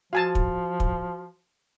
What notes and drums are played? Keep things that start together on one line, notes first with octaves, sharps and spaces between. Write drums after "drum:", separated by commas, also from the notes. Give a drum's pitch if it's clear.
F3 F#4 F5 G#5 A5
drum: kick
drum: kick